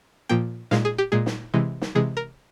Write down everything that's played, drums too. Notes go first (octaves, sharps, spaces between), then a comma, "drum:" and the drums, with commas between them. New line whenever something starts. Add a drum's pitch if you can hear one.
A#2 F3 A#3 G5
A#2 G#3 F5, drum: snare
G#4
G4
A#2 G#3 G#4
drum: snare
C3 E3 G#3
drum: snare
C3 E3 G#3 G#4
A#4